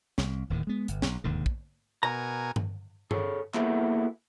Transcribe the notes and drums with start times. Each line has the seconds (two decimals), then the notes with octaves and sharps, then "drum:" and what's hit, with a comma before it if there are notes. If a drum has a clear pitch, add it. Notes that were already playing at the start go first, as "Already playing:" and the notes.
0.18 C2, drum: snare
0.50 D1 D#2 A2 D#3
0.67 G#3 B3
0.88 G1, drum: hi-hat
1.02 B1, drum: snare
1.24 E1 D#2 G#2 D3
1.46 drum: kick
2.03 B2 A#4 G#5 A#5
2.56 drum: tom G2
3.11 G#4 A4 C#5, drum: tom G2
3.54 A#3 B3 E4 F#4 G#4 A4, drum: clap